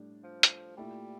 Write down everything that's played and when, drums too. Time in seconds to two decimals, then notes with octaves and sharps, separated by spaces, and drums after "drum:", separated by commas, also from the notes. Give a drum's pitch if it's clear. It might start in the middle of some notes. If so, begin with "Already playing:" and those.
Already playing: A2 G3 D4
0.24 F3
0.43 drum: hi-hat
0.77 A#2 G3 A3 E4